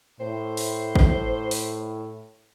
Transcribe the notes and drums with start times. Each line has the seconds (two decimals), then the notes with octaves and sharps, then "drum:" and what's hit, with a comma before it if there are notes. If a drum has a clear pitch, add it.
0.20 A2 C5
0.57 drum: open hi-hat
0.96 drum: kick
1.51 drum: open hi-hat